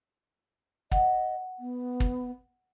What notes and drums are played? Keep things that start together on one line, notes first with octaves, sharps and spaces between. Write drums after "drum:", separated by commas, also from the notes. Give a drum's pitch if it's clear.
D#5 F#5, drum: kick
B3
drum: kick